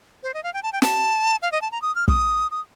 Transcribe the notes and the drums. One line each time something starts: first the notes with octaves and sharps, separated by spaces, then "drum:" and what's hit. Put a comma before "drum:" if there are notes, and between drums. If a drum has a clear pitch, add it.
C5
D#5
F5
G5
A5
G5
A5, drum: snare
F5
D#5
A5
A#5
D#6
F6
D#6, drum: kick
D#6